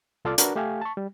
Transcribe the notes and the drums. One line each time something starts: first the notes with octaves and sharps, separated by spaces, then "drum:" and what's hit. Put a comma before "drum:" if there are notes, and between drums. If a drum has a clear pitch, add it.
C2 F4 A4 D5 F5 D6
D4 F#4 A#4 B4, drum: hi-hat
A3 G4 F5 G#5
A5 C#6
G3